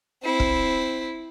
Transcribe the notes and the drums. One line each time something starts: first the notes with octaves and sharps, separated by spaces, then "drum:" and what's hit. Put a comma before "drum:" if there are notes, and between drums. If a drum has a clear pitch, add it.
C4 E4
drum: kick